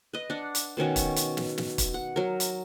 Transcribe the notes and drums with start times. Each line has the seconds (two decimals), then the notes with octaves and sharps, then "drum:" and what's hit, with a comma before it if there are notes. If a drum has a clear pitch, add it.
0.13 B4 D#5
0.30 D4 F#5
0.55 drum: hi-hat
0.77 B2 D#3 C#4 F#4
0.96 drum: kick, hi-hat
1.16 drum: hi-hat
1.37 drum: snare
1.58 drum: snare
1.78 drum: kick, hi-hat
1.94 F#5
2.16 F#3 A#4
2.40 drum: hi-hat